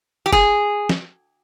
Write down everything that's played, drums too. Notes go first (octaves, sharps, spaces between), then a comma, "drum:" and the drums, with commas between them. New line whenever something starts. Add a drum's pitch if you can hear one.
G4
G#4, drum: kick
drum: snare